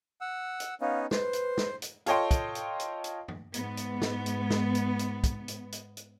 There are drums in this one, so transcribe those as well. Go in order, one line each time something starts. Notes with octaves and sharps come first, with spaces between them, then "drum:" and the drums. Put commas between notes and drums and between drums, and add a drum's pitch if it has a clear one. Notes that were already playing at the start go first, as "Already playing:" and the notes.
F#5 E6
drum: hi-hat
B3 C#4 D#4 F5
B4 C5, drum: snare
drum: hi-hat
drum: snare
drum: hi-hat
F4 A4 C#5 D#5 G5 C6, drum: hi-hat
drum: kick, hi-hat
drum: hi-hat
drum: hi-hat
drum: hi-hat
drum: tom
G#2 B3, drum: hi-hat
drum: hi-hat
drum: snare
drum: hi-hat
drum: snare
drum: hi-hat
drum: hi-hat
drum: kick, hi-hat
drum: hi-hat
drum: hi-hat
drum: hi-hat